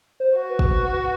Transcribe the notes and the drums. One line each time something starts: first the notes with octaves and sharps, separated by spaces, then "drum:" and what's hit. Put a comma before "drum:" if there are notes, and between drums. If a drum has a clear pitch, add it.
C5
F#4
B4
drum: kick